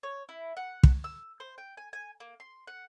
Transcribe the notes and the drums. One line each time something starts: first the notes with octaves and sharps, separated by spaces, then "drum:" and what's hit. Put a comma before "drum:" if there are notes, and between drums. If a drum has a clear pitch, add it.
C#5
E4
F#5
drum: kick
E6
C5
G5
G#5
G#5
A#3
C6
F#5